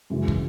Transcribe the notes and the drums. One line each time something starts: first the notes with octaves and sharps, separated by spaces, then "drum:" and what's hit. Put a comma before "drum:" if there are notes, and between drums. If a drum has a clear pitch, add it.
F#2 C#3 E3 G#3
drum: kick